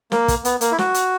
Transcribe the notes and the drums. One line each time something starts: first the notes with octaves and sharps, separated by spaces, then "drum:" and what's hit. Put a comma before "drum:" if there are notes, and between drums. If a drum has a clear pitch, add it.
A#3, drum: snare
drum: kick, hi-hat
B3, drum: hi-hat
A#3, drum: hi-hat
E4
F#4, drum: snare
drum: hi-hat